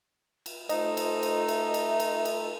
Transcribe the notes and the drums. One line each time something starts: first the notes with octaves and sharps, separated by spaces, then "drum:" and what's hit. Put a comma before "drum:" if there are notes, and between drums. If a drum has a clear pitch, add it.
drum: cymbal
A3 D#4 F4 A4 C5 D#5, drum: cymbal
drum: cymbal
drum: cymbal
E5, drum: cymbal
drum: cymbal
drum: cymbal
drum: cymbal